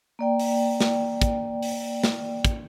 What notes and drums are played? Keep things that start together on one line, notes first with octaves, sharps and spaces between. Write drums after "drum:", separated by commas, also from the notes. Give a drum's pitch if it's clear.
A#3 D5 G5
drum: open hi-hat
drum: snare
drum: kick, hi-hat
drum: open hi-hat
drum: snare
drum: kick, hi-hat